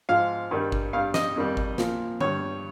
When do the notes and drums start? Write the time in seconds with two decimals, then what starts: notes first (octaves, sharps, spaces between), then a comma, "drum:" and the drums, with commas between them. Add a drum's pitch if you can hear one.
0.09 G#2 F3 F5
0.51 G2 D#3 G3
0.72 drum: kick G#1
0.93 G2 G3 F5
1.14 D#5, drum: snare
1.36 F2 D#3 G3
1.57 drum: kick G#1
1.78 A#2 F3, drum: snare
2.21 G2 G3 C#5, drum: tom D3